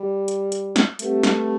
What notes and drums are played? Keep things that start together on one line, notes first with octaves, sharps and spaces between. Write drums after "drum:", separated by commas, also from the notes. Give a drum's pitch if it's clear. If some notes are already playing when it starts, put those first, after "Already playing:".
Already playing: G3
drum: hi-hat
drum: hi-hat
drum: snare
G3 A3 C4 G4 B4 F#5, drum: hi-hat
drum: snare